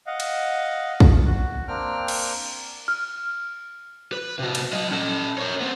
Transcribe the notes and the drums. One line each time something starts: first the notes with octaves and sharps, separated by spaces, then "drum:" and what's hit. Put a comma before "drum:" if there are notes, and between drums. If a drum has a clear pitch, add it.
D#5 F5 F#5
drum: cymbal
drum: kick
F#4
A#3 C4 D4 G5 F6
drum: cymbal
F6
B4
C3 F#4
drum: cymbal
F#3 D#5
C#4 A4
A#4 C#5
B3 C4